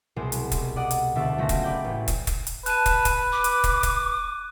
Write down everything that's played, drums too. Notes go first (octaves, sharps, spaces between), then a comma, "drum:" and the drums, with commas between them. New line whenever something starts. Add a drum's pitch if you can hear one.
C2 B2 G#3 C5
drum: hi-hat
drum: kick, hi-hat
D5 D#5 F#5
drum: hi-hat
D2 B2 D3 E5 A6
C#2 A3 F#4 A#6
drum: kick, hi-hat
B4 D5 G5
A1
drum: kick, hi-hat
drum: kick, hi-hat
drum: hi-hat
B4 A5 F#6 D#7, drum: hi-hat
drum: kick, hi-hat
drum: kick, hi-hat
D6
drum: hi-hat
drum: kick, hi-hat
drum: kick, hi-hat